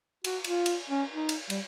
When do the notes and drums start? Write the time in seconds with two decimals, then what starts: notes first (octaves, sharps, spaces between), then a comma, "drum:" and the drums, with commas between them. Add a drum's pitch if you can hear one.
0.24 F#4, drum: cymbal
0.44 F4, drum: cymbal
0.66 drum: cymbal
0.90 C#4
1.11 D#4
1.29 drum: cymbal
1.50 G3, drum: cymbal